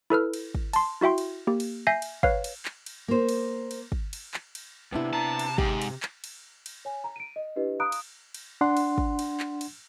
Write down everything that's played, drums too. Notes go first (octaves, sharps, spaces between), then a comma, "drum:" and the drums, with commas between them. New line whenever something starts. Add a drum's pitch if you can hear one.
E4 A4 B4 F6
drum: cymbal
drum: kick
A5 C6, drum: cymbal
E4 F#4 E5 G5 C6
drum: cymbal
A#3 G4
drum: cymbal
E5 G#5 G6 A#6 C7
drum: cymbal
B4 C#5 F5, drum: kick
drum: cymbal
drum: clap
drum: cymbal
A#3 C5
drum: cymbal
drum: cymbal
drum: kick
drum: cymbal
drum: clap
drum: cymbal
C3 B3 D4 E4
C3 A5 A#5
drum: cymbal
G#2 G4, drum: kick
drum: cymbal
drum: clap
drum: cymbal
drum: cymbal
C#5 G#5
A#5
D7 D#7
D#5
D4 E4 G4 B4 D#5
F5 A#5 B5 D#6 F#6 D7
drum: cymbal
drum: cymbal
D4 F#5 C6
drum: cymbal
drum: kick
drum: cymbal
drum: clap
drum: cymbal